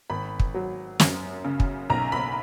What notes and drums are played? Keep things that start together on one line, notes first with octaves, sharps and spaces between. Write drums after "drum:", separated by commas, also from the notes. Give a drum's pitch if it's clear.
G#1 B5
drum: kick
F#3
F#2, drum: snare
C#3
drum: kick
B1 A#5
B5